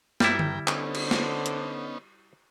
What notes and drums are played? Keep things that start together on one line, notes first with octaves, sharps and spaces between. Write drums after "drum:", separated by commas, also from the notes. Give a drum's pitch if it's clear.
G2 G3 E4 G5 A#5, drum: snare
drum: tom D3
D3 B3 C#4 D#4 C5, drum: clap
drum: cymbal
drum: snare
drum: hi-hat